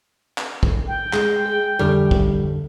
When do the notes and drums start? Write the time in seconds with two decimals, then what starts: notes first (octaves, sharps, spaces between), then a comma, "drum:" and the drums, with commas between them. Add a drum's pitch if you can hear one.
0.38 drum: clap
0.63 drum: kick
0.88 G5
1.13 G#3, drum: clap
1.46 G#4
1.79 F2 D3 G3 A4
2.11 drum: kick